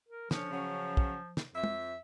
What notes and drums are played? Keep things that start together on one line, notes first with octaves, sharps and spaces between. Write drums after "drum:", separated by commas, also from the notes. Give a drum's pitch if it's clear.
A#4
D3 F3 C#4, drum: snare
C#3 F#3 C#4
drum: kick
drum: snare
F2 E5
drum: tom